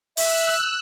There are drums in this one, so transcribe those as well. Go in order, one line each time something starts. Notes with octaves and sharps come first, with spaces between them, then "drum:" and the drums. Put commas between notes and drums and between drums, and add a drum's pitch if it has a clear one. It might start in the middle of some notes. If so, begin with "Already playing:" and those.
E5 E6 F#6, drum: open hi-hat